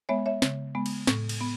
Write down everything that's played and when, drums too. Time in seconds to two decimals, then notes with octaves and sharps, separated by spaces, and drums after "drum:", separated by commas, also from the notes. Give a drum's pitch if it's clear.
0.09 G#3 B3 C#5 E5
0.26 C#5 E5
0.42 C#3, drum: snare
0.75 G#3 B3
0.86 drum: cymbal
1.07 A2, drum: snare
1.29 drum: cymbal
1.40 B3